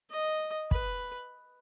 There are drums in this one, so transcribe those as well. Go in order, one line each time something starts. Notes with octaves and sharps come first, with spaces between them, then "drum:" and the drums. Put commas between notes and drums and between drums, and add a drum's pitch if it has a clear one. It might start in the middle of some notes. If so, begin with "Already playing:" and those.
D#5
B4, drum: kick